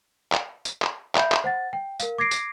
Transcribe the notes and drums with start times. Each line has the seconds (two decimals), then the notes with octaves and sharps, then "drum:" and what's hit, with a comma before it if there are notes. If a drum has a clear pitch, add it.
0.32 drum: clap
0.65 drum: tambourine
0.82 drum: clap
1.15 E5 B5 G6, drum: clap
1.32 drum: clap
1.44 C5 F#5 A6
1.73 G5
2.00 A#4 F5, drum: tambourine
2.18 D6 G#6 A#6 C7 D7
2.31 drum: tambourine